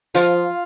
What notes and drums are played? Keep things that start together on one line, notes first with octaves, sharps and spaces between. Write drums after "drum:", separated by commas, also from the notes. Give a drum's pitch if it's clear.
F3 F4, drum: hi-hat